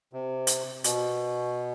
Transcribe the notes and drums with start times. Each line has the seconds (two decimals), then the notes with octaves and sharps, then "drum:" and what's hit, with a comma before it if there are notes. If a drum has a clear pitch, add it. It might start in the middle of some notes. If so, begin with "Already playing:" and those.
0.13 C3
0.47 drum: hi-hat
0.84 B2, drum: hi-hat